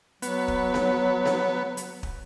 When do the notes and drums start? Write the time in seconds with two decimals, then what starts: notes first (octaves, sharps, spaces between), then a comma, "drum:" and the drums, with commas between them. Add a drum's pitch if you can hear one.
0.22 F#3 B3, drum: hi-hat
0.48 drum: kick
0.74 drum: snare B3
1.26 drum: snare B3
1.77 drum: hi-hat
2.03 drum: kick